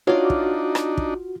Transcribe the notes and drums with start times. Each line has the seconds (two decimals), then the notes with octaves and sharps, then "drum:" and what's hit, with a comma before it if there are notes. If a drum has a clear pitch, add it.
0.07 D4 D#4 F4 F#4 C#5 D5
0.30 drum: kick
0.75 drum: rim click
0.97 drum: kick